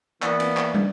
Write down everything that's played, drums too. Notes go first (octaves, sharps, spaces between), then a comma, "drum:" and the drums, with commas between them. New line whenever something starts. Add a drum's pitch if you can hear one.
E3 A#3 B3 D5, drum: clap
drum: cymbal
drum: clap
drum: tom